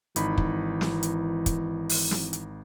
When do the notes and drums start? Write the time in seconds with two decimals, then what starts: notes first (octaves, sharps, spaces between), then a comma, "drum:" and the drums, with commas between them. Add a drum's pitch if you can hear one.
0.16 G#1 E3 D#4 B5, drum: hi-hat
0.38 drum: kick
0.81 drum: snare
1.03 drum: hi-hat
1.46 drum: kick, hi-hat
1.89 drum: open hi-hat
2.11 drum: snare
2.33 drum: hi-hat